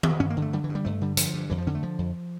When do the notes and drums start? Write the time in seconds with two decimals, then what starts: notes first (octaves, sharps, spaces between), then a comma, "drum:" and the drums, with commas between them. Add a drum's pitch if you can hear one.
0.03 drum: tom D#3
0.20 G2 C#4
0.30 A#3
0.37 D3
0.42 A3
0.53 D3 G3
0.64 E3
0.69 G2
0.75 G3
0.85 G2 A3
1.01 D3 G3
1.17 D3 F3, drum: hi-hat
1.34 G2
1.50 F2 E3
1.58 F3
1.67 D3 C#4
1.75 A3
1.83 D3 F3
1.99 F2